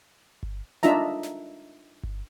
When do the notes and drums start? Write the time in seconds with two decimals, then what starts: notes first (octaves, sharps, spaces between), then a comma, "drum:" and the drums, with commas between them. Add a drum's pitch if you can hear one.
0.43 drum: kick G1
0.83 D4 D#4 F4 E5 A#5, drum: snare
1.23 drum: snare
2.03 drum: kick G1